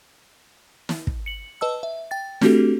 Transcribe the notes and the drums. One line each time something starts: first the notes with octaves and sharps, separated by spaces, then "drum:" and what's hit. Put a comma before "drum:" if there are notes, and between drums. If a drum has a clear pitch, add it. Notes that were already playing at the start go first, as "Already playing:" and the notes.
drum: snare
drum: kick
C#7 F#7
B4 D#5 A5 E6
E5
G5 A6
A3 C4 D4 F#4 G4 A4, drum: snare